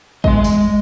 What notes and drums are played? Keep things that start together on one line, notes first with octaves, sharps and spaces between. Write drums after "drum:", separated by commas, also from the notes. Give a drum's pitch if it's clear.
G#3 D#5, drum: kick G#1
drum: tambourine